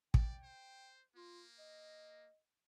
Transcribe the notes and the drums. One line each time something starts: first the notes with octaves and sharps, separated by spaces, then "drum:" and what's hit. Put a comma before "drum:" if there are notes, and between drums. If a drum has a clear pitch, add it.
D5 G5, drum: kick
C5
A#3 F4
D#5